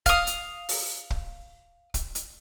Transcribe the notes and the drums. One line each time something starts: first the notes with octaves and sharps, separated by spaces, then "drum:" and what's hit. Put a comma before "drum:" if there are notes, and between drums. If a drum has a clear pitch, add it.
F5 D#6, drum: kick, hi-hat
drum: hi-hat
drum: open hi-hat
drum: kick
drum: kick, hi-hat
drum: hi-hat